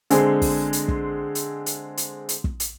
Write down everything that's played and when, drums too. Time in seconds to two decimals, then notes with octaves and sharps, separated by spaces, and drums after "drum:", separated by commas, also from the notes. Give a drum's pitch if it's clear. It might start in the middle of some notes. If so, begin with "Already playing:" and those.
0.10 D3 G#3 C4 G#4, drum: hi-hat
0.42 drum: kick, open hi-hat
0.73 drum: hi-hat
0.88 drum: kick
1.35 drum: hi-hat
1.66 drum: hi-hat
1.97 drum: hi-hat
2.29 drum: hi-hat
2.44 drum: kick
2.60 drum: hi-hat